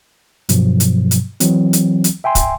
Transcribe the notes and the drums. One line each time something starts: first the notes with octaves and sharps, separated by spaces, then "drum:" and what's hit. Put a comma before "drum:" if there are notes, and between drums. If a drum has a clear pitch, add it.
G2 B2 F3 F#3, drum: hi-hat
drum: hi-hat
drum: hi-hat
E3 F#3 C4, drum: hi-hat
drum: hi-hat
drum: hi-hat
E5 G5 G#5 C6
drum: kick, hi-hat